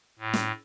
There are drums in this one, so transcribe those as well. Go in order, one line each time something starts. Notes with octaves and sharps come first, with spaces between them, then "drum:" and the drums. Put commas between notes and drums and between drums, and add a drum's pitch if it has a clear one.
A2
drum: snare